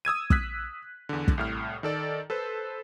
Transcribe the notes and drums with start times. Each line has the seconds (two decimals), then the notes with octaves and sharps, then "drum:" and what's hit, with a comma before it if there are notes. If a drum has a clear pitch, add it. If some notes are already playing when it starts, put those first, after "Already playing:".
0.05 D#6 E6 G#6 D#7
0.30 D#6 E6 F#6 B6, drum: kick
1.09 E2 D3
1.28 drum: kick
1.38 C2 A2 F6
1.83 D#3 A4 D5
2.30 A4 B4 C5